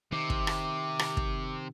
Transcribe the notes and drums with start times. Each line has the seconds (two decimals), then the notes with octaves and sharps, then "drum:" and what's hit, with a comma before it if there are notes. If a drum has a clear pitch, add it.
0.12 C3 D#3 D6
0.30 drum: kick
0.47 drum: rim click
0.99 drum: rim click
1.17 drum: kick